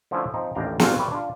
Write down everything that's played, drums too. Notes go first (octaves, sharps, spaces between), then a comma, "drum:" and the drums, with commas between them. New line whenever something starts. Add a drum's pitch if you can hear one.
D3 F3 A3 C#4 E4
F3 C4 D#4
A1 D#2 D4 F5 G5 A#5
D3 C4 F4 F#4 G#5, drum: snare
G3 B4 C#5 D5 E5
D4 F4